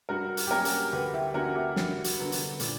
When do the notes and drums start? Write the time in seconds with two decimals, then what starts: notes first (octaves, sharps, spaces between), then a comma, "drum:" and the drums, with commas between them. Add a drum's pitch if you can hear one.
0.09 G2 F#4 A#4
0.37 drum: hi-hat
0.47 G4
0.51 F#3 A#3 C#4 F#4 A#4
0.65 drum: hi-hat
0.92 D2 G4 B4
1.13 E4 G4
1.34 D3 A#3 C#4 F#4 A#4
1.55 E4 G4
1.76 G2 F#4, drum: snare
2.04 F#4, drum: hi-hat
2.18 D3 F#3 B3
2.32 drum: hi-hat
2.60 A#2, drum: hi-hat